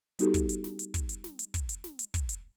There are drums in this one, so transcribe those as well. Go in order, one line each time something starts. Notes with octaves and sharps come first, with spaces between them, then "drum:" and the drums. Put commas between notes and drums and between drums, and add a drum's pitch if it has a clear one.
G3 B3 D#4 F#4 G4 A4, drum: hi-hat
drum: kick, hi-hat
drum: hi-hat
drum: snare
drum: hi-hat
drum: kick, hi-hat
drum: hi-hat
drum: snare
drum: hi-hat
drum: kick, hi-hat
drum: hi-hat
drum: snare
drum: hi-hat
drum: kick, hi-hat
drum: hi-hat